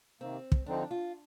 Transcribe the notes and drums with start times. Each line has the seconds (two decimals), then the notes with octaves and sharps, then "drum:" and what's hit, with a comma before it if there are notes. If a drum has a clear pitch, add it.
0.21 C3 D#3 A#3 C4
0.52 drum: kick
0.66 D3 F3 C4 D4 D#4
0.91 F4